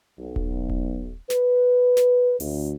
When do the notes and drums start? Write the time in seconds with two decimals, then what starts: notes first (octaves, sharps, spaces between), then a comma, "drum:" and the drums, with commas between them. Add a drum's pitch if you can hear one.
0.19 B1
0.36 drum: kick D#1
0.70 drum: kick D#1
1.30 B4, drum: snare
1.97 drum: snare
2.40 D2, drum: open hi-hat